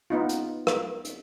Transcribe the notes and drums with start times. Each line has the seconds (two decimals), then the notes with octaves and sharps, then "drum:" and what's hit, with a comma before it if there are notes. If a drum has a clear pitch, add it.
0.10 B3 D#4 F4
0.29 drum: hi-hat
0.67 drum: rim click
1.05 drum: hi-hat